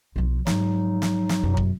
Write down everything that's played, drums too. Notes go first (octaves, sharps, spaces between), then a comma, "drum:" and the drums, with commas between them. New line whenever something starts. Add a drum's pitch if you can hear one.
B1 F3
G#2 F3 F#3 D#4, drum: snare
drum: snare
drum: snare
F#2 B2
drum: kick